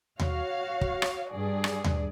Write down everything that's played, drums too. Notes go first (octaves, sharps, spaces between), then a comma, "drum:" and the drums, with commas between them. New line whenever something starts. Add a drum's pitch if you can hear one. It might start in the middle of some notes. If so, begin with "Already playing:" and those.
F#4 C#5 F5, drum: tom D#2
drum: kick
drum: rim click
G2 G#4 D5
drum: rim click
drum: tom D#2